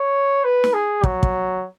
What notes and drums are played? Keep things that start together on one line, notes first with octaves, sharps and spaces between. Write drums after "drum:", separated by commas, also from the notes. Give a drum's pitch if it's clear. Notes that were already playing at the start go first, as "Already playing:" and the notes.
Already playing: C#5
B4
drum: snare
G#4
F#3, drum: kick
drum: kick